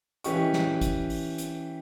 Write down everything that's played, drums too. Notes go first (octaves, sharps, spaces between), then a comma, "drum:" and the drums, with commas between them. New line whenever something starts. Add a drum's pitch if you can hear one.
E3 C#4 G4 D#5 C#6, drum: hi-hat
drum: snare
drum: kick, hi-hat
drum: open hi-hat
drum: hi-hat